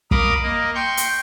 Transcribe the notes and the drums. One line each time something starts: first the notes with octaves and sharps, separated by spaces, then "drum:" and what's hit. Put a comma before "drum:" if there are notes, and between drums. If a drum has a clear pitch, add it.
A#4 D#5 F5 B5 D6 D#6, drum: kick
A#3 D#5
G5 C6 C#6 G6
drum: hi-hat